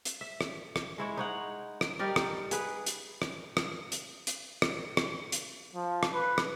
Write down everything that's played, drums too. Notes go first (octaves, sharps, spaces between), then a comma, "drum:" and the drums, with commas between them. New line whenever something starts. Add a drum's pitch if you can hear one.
drum: hi-hat
E5
drum: rim click
drum: rim click
G#3 E4 C#5
D#4 C#5 F#5
drum: rim click
G3 D#4 A#4 D5
drum: rim click
G#4 B4, drum: hi-hat
drum: hi-hat
drum: rim click
drum: rim click
drum: hi-hat
drum: hi-hat
drum: rim click
drum: rim click
drum: hi-hat
F3
drum: rim click
B4
drum: rim click